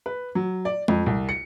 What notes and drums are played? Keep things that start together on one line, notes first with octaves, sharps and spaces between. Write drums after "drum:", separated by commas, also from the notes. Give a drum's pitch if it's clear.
B4
F#3
D5
F2, drum: tom G#3
C2
C#7